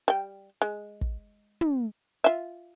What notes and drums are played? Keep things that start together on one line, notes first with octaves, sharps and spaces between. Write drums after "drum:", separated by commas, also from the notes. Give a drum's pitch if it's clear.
G3 G5
G#3
drum: kick
drum: tom
F4 E5